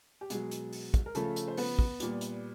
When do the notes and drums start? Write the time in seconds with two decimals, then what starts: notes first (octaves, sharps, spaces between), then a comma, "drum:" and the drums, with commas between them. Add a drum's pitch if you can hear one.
0.21 G4
0.30 B2 F#3 G#3 G#4, drum: hi-hat
0.51 drum: hi-hat
0.73 drum: open hi-hat
0.94 drum: kick, hi-hat
1.06 A#4
1.15 C#3 F3 A3 A4, drum: hi-hat
1.36 drum: hi-hat
1.48 C5
1.57 B3 B4, drum: open hi-hat
1.79 drum: kick
2.00 A#2 G3, drum: hi-hat
2.21 drum: hi-hat